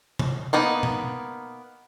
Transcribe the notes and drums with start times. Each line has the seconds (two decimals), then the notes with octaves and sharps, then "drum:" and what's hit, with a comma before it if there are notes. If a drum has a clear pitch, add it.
0.19 drum: tom C3
0.53 A#3 B3 D#4
0.83 drum: tom B2